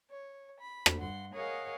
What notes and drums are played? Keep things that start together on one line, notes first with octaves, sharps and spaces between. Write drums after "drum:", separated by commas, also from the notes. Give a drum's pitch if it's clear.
C#5
B5
drum: rim click
G2 F#5 C6
G#4 A#4 C#5 D#5 F5 F#5